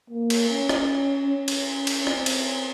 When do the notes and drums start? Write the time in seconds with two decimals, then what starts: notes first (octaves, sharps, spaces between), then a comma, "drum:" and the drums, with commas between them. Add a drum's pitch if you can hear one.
0.10 A#3
0.30 drum: cymbal
0.50 C#4
0.69 drum: rim click
1.28 C#4
1.48 drum: cymbal
1.87 drum: cymbal
2.07 C4, drum: rim click
2.26 drum: cymbal